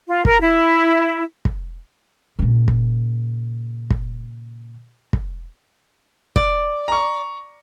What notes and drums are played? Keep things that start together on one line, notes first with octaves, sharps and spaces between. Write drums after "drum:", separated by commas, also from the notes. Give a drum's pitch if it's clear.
F4
A#4, drum: kick
E4
drum: kick
A#2 C#3
drum: kick
drum: kick
drum: kick
D5, drum: kick
A#5 C#6